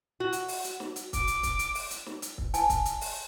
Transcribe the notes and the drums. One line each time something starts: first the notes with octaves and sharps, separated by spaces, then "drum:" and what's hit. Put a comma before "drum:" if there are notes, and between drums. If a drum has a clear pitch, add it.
F#4
drum: hi-hat
drum: open hi-hat
drum: hi-hat
drum: snare
drum: hi-hat
D6, drum: kick, hi-hat
drum: hi-hat
drum: kick, hi-hat
drum: hi-hat
drum: open hi-hat
drum: hi-hat
drum: snare
drum: hi-hat
drum: kick
G#5 A5, drum: hi-hat
drum: kick, hi-hat
drum: hi-hat
drum: open hi-hat